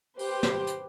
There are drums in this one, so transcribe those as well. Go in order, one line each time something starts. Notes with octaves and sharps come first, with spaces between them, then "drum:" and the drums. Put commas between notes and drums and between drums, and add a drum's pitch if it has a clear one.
G4 B4 C5 G5, drum: open hi-hat
drum: snare
drum: hi-hat